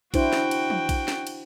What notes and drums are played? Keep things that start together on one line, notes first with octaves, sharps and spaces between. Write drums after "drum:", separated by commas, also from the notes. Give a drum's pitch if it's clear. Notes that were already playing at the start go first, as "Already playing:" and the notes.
D4 E4 F#4 C5 G5, drum: kick A#1, cymbal
drum: snare
drum: cymbal
drum: tom
drum: kick A#1, cymbal
drum: snare
drum: cymbal